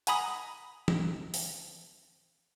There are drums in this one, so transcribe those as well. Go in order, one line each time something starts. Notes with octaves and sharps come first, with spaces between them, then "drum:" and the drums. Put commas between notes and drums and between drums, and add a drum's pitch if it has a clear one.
F#5 G#5 A#5 B5 D#6, drum: hi-hat
drum: tom
drum: open hi-hat